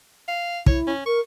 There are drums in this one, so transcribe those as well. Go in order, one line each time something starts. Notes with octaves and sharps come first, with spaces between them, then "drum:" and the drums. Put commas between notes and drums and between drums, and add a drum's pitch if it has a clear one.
F5
E4 C#5, drum: kick
C#4
A#4 C#6